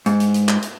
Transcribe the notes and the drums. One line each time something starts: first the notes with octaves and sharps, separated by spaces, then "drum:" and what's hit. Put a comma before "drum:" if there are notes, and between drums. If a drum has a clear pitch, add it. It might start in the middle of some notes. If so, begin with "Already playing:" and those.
G#2, drum: hi-hat
drum: hi-hat
drum: hi-hat
drum: clap
drum: hi-hat